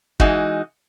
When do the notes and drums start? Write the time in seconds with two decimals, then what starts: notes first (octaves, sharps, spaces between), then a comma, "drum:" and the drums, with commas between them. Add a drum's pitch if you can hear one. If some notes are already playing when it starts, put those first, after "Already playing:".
0.20 E3 G#3 D#4 F#4, drum: kick